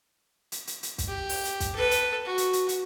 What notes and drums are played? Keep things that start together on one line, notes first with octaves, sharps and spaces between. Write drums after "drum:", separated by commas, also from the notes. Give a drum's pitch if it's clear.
drum: hi-hat
drum: hi-hat
drum: hi-hat
drum: kick, hi-hat
G4
drum: open hi-hat
drum: hi-hat
drum: kick, hi-hat
A4 B4
drum: hi-hat
F#4
drum: hi-hat
drum: hi-hat
drum: hi-hat